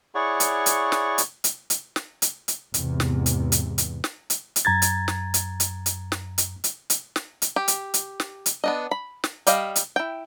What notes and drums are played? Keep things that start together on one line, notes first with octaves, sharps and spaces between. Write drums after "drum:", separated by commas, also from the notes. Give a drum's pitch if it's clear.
E4 G#4 C#5 D5 F#5 C#6
drum: hi-hat
drum: hi-hat
drum: snare
drum: hi-hat
drum: hi-hat
drum: hi-hat
drum: snare
drum: hi-hat
drum: hi-hat
E2 G#2 C3, drum: hi-hat
drum: snare
drum: hi-hat
drum: hi-hat
drum: hi-hat
drum: snare
drum: hi-hat
drum: hi-hat
F#2 A#5 G#6 A6
drum: hi-hat
drum: snare
drum: hi-hat
drum: hi-hat
drum: hi-hat
drum: snare
drum: hi-hat
drum: hi-hat
drum: hi-hat
drum: snare
drum: hi-hat
G4
drum: hi-hat
drum: hi-hat
drum: snare
drum: hi-hat
B3 D4 D#5
B5
drum: snare
G3 G4 D#5 F5, drum: hi-hat
drum: hi-hat
E4 G5